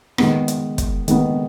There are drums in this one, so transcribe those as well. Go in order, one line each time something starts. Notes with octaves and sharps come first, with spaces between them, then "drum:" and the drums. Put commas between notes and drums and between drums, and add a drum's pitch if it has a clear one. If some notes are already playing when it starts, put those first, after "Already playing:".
D#3 G#3 B3, drum: rim click
drum: hi-hat
drum: kick, hi-hat
D#3 G#3 B3, drum: hi-hat